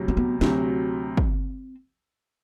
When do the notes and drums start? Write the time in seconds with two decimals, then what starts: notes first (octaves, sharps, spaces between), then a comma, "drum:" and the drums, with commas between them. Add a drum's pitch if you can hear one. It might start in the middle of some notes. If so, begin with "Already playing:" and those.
Already playing: D2 C3 F#3
0.08 C4
0.17 B3
0.41 D2 C3 F#3 C4, drum: snare
1.17 drum: kick